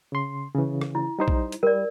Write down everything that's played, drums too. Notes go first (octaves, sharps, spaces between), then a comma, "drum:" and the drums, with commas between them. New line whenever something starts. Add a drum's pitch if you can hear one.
C#3 C6
C#3 E3
drum: rim click
E4
G3 D#4 C5
drum: kick
drum: hi-hat
G3 A#4 D5